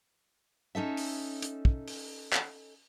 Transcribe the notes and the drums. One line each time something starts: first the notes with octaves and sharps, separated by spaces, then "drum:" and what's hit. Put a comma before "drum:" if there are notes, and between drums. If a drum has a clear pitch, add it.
C#4 D#4 A4 E5
drum: open hi-hat
drum: hi-hat
drum: kick
drum: open hi-hat
drum: clap